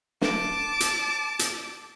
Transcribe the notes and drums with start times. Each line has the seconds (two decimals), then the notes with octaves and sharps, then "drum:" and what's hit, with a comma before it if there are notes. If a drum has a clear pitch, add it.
0.21 A5 D6, drum: snare
0.80 drum: hi-hat
1.39 drum: hi-hat